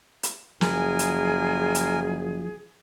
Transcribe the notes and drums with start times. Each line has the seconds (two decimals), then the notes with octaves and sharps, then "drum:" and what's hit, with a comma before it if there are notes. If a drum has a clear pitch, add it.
0.23 drum: hi-hat
0.61 F#1 F3 G#4 A#4 G#5, drum: snare
0.99 drum: hi-hat
1.75 drum: hi-hat